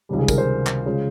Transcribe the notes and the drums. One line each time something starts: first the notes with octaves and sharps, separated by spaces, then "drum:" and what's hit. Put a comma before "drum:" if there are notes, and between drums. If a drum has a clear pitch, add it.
C#2 C3 D#3 G3
G#4
A#4, drum: kick, tambourine
C5
drum: clap
C#3 F3 G#3